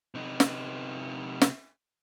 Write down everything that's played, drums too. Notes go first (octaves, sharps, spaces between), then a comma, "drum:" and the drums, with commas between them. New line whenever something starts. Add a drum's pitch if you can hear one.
C3 D#4
drum: snare
drum: snare